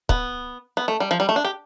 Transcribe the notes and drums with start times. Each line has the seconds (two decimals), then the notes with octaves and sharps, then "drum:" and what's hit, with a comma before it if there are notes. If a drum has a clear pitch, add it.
0.09 B3, drum: kick
0.77 B3
0.88 A3
1.00 G3
1.11 F3
1.20 G3
1.29 A3
1.36 D4
1.45 G4